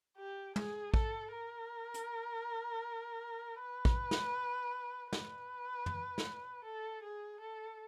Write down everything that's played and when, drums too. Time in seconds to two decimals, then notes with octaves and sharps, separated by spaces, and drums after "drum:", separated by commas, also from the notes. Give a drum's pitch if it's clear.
0.17 G4
0.56 G#4, drum: tom
0.94 A4, drum: kick
1.32 A#4
1.94 drum: hi-hat
3.60 B4
3.85 drum: kick
4.11 drum: snare
5.13 B4, drum: snare
5.86 drum: tom
6.18 drum: snare
6.64 A4
7.03 G#4
7.41 A4